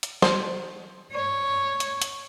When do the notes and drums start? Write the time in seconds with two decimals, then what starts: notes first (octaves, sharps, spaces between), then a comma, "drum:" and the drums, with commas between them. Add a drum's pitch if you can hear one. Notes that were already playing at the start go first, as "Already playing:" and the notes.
0.03 drum: hi-hat
0.22 C5, drum: snare
1.12 C#5
1.80 drum: hi-hat
2.02 drum: hi-hat